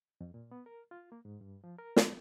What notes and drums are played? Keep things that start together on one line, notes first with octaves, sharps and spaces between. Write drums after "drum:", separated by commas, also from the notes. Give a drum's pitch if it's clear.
F2
A#2
B3
A#4
F4
A#3
G#2
G2
F3
A#4
A4, drum: snare